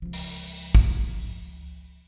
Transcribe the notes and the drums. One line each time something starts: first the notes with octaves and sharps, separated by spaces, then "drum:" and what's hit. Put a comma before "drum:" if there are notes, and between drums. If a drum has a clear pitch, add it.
C#2 F3
drum: open hi-hat
drum: kick